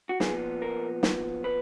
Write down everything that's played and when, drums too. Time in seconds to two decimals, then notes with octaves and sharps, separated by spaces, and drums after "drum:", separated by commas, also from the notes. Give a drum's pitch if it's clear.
0.09 F#4
0.20 A#2 F3 B3 G#4, drum: snare
0.62 A#4
1.03 drum: snare
1.44 B4